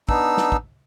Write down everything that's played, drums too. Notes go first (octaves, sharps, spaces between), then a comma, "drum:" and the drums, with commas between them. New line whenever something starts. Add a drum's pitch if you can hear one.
B3 D4 D#4 E6, drum: kick
drum: snare
drum: kick